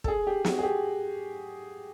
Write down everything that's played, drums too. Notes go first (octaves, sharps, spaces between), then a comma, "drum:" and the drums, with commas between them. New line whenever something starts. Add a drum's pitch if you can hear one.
A4, drum: kick
G#4
G4
F#4, drum: snare
G#4
G4